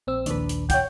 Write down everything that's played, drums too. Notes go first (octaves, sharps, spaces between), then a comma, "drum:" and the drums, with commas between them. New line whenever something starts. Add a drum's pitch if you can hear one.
A#1 C4 E6
A#1 D#2 D4 B4, drum: hi-hat
drum: hi-hat
C#5 F#5 G5, drum: kick, hi-hat